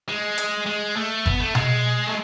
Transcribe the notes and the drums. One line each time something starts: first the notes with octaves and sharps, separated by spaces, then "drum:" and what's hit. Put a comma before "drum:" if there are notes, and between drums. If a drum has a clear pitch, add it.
G#3
drum: hi-hat
G#3
A3
B3, drum: kick G1
A3
G#3, drum: tom B2
A3